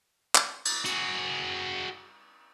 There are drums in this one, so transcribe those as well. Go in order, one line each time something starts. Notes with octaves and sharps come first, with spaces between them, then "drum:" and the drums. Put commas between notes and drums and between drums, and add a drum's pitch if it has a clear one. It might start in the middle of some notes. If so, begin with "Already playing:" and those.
drum: clap
drum: cymbal
F#4 G#4, drum: hi-hat